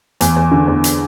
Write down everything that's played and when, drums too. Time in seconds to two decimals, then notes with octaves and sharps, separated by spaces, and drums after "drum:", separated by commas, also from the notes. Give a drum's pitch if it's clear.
0.21 E2, drum: hi-hat
0.36 E2
0.51 D3
0.68 E2
0.84 drum: hi-hat